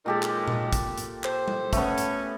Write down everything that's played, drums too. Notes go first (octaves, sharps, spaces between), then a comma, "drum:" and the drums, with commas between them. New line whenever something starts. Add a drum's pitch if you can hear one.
A#2 D#3 F#3 G#3 G4 A4
drum: clap
drum: tom A#2
drum: kick, hi-hat
drum: hi-hat
A4 C5, drum: clap
drum: tom G3
A3 B3 C#4, drum: kick, hi-hat
drum: hi-hat